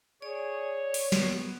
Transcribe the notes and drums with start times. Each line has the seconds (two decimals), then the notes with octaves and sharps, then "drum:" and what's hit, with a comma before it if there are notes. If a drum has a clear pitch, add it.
0.22 G#4 C#5 D5
0.94 drum: open hi-hat
1.12 B3, drum: snare